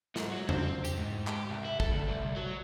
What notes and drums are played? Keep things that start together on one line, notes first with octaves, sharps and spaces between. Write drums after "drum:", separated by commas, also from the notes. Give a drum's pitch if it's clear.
G#2, drum: snare
F#3
C4, drum: tom E2
G4, drum: tambourine
G#2
G4, drum: clap
C2
E4
A4, drum: kick
D2
C2
F#3